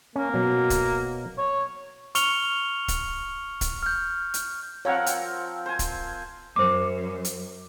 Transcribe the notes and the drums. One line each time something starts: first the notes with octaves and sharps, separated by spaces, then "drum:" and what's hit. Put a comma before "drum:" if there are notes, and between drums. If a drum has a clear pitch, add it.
A#3 C#4
B2 F#3
drum: kick C#1, hi-hat
C#5
C#6 F6 C#7 F7 G7, drum: hi-hat
drum: kick C#1, hi-hat
drum: kick C#1, hi-hat
F6 G6
drum: hi-hat
F3 C4 A#4 C#5 F#5
drum: hi-hat
C5 G#5
drum: kick C#1, hi-hat
F#2 C5 D6
drum: hi-hat